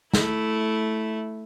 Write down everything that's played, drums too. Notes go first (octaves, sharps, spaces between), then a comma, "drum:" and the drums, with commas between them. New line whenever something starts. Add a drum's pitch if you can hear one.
A3 E4, drum: snare